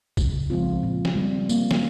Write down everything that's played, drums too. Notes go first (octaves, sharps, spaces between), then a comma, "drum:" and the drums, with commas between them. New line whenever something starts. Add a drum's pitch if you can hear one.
C#3, drum: kick A#1, tambourine
F3 G#3 C4 F4
A#2
drum: snare
G3
C4
A#3, drum: tambourine
drum: snare